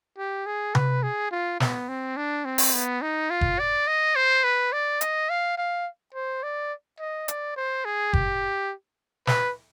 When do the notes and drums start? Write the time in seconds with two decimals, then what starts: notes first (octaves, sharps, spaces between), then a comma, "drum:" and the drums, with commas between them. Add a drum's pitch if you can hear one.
0.18 G4
0.46 G#4
0.75 B4, drum: tom C3
1.03 G#4
1.31 F4
1.60 B3, drum: snare
1.89 C4
2.17 D4
2.45 C4
2.58 drum: open hi-hat
2.73 B3
3.02 D#4
3.30 F4
3.41 drum: kick F#1
3.59 D5
3.87 D#5
4.16 C5
4.44 B4
4.73 D5
5.01 D#5, drum: hi-hat
5.30 F5
5.58 F5
6.14 C5
6.43 D5
6.99 D#5
7.28 D5, drum: hi-hat
7.56 C5
7.85 G#4
8.13 G4, drum: kick F#1
9.27 B4, drum: snare